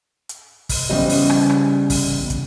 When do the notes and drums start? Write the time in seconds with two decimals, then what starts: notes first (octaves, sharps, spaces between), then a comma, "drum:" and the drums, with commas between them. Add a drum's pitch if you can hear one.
0.29 drum: hi-hat
0.69 drum: kick, open hi-hat
0.89 C#3 E3 G3 B3 C5 D#5
1.09 drum: open hi-hat
1.30 drum: rim click
1.50 drum: rim click
1.90 drum: kick, open hi-hat
2.30 drum: kick, hi-hat